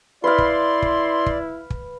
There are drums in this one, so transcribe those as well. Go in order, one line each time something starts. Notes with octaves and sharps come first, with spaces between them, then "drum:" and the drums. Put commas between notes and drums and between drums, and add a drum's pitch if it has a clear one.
E4 B4 D5 F5 C6
drum: kick
drum: kick
drum: kick
drum: kick